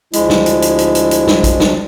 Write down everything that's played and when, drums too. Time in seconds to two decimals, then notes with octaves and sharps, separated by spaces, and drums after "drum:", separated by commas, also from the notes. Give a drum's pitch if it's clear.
0.13 D2 F3 G#3 D4 E4, drum: hi-hat
0.30 drum: snare
0.46 drum: hi-hat
0.62 drum: hi-hat
0.78 drum: hi-hat
0.95 drum: hi-hat
1.11 drum: hi-hat
1.27 drum: snare
1.44 drum: kick A#1, hi-hat
1.60 drum: snare